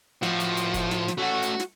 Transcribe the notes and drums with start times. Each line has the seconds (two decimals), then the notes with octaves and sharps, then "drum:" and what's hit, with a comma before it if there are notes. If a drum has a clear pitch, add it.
0.23 A2 F3 F#4, drum: snare
0.40 drum: hi-hat
0.57 drum: hi-hat
0.74 drum: kick, hi-hat
0.91 drum: snare
1.08 drum: snare
1.18 A3 C#4 F#4 F#5
1.42 drum: hi-hat
1.60 drum: snare